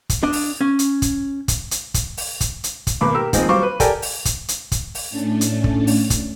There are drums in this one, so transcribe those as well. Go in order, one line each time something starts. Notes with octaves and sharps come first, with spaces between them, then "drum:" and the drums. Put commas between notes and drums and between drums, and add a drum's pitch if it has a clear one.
drum: kick, hi-hat
D4 D#5
drum: open hi-hat
C#4
drum: hi-hat
drum: kick, hi-hat
drum: kick, hi-hat
drum: hi-hat
drum: kick, hi-hat
drum: open hi-hat
drum: kick, hi-hat
drum: hi-hat
drum: kick, hi-hat
G#1 B2 A#3 B5 D6
G4 A#4 E6
D#3 F3 G#3 A#3 C4, drum: kick, hi-hat
F#3 G3 C5 F5 C#6 D6
B4
G4 A4 A#4 D5 G5 G#5, drum: kick, hi-hat
drum: open hi-hat
drum: kick, hi-hat
drum: hi-hat
drum: kick, hi-hat
drum: open hi-hat
A2 A3 C#4 D4 A5
drum: hi-hat
drum: kick
drum: open hi-hat
drum: kick, hi-hat